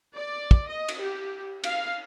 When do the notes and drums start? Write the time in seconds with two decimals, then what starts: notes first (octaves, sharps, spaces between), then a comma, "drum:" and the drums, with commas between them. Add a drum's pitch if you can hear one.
0.17 D5
0.51 drum: kick
0.69 D#5
0.88 drum: cymbal
1.00 G4
1.64 F5, drum: cymbal